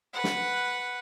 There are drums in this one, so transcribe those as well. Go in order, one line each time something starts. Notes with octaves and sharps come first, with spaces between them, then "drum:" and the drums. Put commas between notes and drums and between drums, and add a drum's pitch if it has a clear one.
B4 F#5
drum: snare